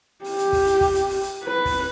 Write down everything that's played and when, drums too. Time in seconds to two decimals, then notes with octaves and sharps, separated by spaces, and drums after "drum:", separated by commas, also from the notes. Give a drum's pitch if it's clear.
0.24 G4, drum: open hi-hat
0.38 drum: hi-hat
0.53 drum: kick, open hi-hat
0.67 drum: hi-hat
0.81 drum: kick, open hi-hat
0.95 drum: hi-hat
1.09 drum: open hi-hat
1.23 drum: hi-hat
1.44 B4
1.65 drum: kick, open hi-hat